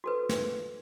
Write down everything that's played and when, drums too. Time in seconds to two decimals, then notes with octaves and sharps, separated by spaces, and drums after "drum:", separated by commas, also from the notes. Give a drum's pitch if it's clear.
0.04 F#4 A4 B4
0.29 B4, drum: snare